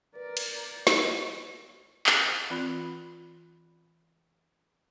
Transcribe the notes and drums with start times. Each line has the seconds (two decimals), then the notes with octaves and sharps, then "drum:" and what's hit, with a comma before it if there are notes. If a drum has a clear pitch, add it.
0.16 A#4 B4 D5
0.37 drum: cymbal
0.87 drum: snare
2.06 drum: clap
2.50 E3 C4 F4 D5 B5